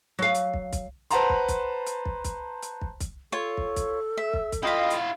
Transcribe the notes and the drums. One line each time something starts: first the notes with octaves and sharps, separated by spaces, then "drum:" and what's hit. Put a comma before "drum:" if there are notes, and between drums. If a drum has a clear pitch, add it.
F#3 F5
drum: hi-hat
drum: kick
drum: kick, hi-hat
B4 C5 F#5 A5 A#5 C6, drum: hi-hat
drum: kick
drum: kick, hi-hat
drum: hi-hat
drum: kick
drum: kick, hi-hat
drum: hi-hat
drum: kick
drum: kick, hi-hat
F4 A4 C#5
drum: kick
drum: kick, hi-hat
E5
drum: kick
drum: kick, hi-hat
E4 F4 D#5 F5 G5 B5
drum: hi-hat